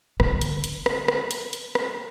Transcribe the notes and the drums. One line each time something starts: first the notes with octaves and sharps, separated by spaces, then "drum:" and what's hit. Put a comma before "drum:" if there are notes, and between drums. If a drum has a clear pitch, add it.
D3, drum: rim click
drum: hi-hat
drum: hi-hat
drum: rim click
drum: rim click
drum: hi-hat
drum: hi-hat
drum: rim click